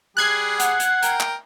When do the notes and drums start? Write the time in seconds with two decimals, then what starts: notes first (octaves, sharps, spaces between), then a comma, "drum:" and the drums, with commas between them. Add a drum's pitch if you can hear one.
0.17 G3 G#4 F#6 G#6 C7
0.60 F#5, drum: hi-hat
0.80 drum: hi-hat
1.03 A#4 G5, drum: hi-hat
1.20 drum: clap